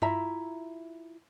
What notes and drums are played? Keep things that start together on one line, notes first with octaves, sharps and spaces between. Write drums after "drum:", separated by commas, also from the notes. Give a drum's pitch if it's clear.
E4 F4 E5 A#5, drum: tom G2